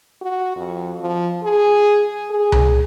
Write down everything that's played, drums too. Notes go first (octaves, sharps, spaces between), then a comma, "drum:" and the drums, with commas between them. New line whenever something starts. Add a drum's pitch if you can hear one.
F#4
F2
F3
G#4
G#4
drum: tom C2